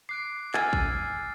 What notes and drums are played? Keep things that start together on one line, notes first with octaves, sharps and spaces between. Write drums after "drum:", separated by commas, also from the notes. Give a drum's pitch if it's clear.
D6 F#6 C7 D7
G#5 E6 F6 A6, drum: clap
drum: kick